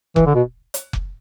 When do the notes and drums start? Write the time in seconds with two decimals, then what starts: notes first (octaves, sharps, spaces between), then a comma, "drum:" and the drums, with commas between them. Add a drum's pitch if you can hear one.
0.16 E3, drum: kick F1
0.26 D3
0.35 B2
0.74 drum: hi-hat
0.93 drum: kick F1